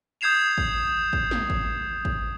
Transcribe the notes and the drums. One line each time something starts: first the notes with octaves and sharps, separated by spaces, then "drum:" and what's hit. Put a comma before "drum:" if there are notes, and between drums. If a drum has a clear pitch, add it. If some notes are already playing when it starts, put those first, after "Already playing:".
D#6 G6 G#6 C7 E7 F7
drum: kick G#1
drum: kick G#1
drum: snare
drum: kick G#1
drum: kick G#1